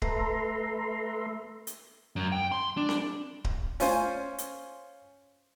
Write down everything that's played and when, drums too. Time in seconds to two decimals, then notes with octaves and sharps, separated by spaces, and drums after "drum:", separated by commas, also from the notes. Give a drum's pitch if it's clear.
0.02 A3 A4 B4 E5 A#5 C6, drum: kick D1
1.67 drum: hi-hat
2.16 F#2
2.32 G5
2.52 C6
2.77 D4
2.89 drum: snare C4
3.44 drum: kick D1
3.80 C#4 F4 C5 G#5, drum: open hi-hat
4.38 drum: hi-hat